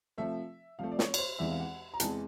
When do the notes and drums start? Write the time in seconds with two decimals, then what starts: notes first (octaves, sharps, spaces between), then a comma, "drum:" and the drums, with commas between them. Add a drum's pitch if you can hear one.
0.18 C3 F3 A3 E5
0.79 C3 F3 A3 F5
0.92 D5
0.99 C#5, drum: snare
1.14 C#5, drum: cymbal
1.19 C5
1.39 E2 C3 E3 G#3 E5
1.51 F5
1.60 F#5
1.94 A#5
2.00 E2 C3 E3 G#3 A5, drum: hi-hat